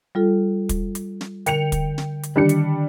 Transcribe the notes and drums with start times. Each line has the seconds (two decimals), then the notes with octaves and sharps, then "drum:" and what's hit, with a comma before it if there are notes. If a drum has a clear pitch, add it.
0.15 G3 F4 A4
0.69 drum: kick, hi-hat
0.95 drum: hi-hat
1.21 drum: snare
1.46 D3 A#4 G5 C#7 F7, drum: hi-hat
1.72 drum: kick, hi-hat
1.98 drum: snare
2.23 drum: hi-hat
2.36 D3 D#3 G3 D4 C#7
2.49 drum: hi-hat